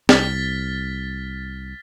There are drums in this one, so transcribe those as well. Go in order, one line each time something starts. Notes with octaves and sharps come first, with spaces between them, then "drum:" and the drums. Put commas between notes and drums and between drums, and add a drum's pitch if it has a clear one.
C2 F6 A6 B6, drum: snare